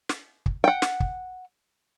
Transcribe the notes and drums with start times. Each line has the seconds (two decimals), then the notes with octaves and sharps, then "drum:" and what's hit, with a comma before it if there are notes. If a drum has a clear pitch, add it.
0.09 drum: snare
0.46 drum: kick
0.64 F#5 G5
0.82 drum: snare
1.00 drum: kick